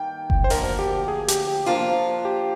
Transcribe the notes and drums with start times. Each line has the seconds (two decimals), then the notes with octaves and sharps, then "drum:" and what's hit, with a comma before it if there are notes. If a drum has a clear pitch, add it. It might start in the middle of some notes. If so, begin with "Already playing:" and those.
Already playing: G2 D#3 A#3 G5
0.30 drum: kick F#1
0.44 C5
0.50 D2 D3 F3 A#3 A#4, drum: open hi-hat
0.79 G4
1.08 G#4
1.28 G4, drum: hi-hat
1.47 G4
1.66 F3 A#3 D4 F4
2.25 G4